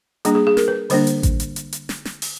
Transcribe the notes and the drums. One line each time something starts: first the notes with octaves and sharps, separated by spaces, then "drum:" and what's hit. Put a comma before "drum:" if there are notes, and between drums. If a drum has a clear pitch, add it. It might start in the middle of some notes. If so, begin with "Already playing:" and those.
G3 A#3 D4 G#4, drum: hi-hat
G#4
G#4
A#4, drum: snare
B4
D3 G3 A#3 D4 C5, drum: open hi-hat
drum: hi-hat
drum: kick A1, hi-hat
drum: hi-hat
drum: hi-hat
drum: hi-hat
drum: snare
drum: snare
drum: open hi-hat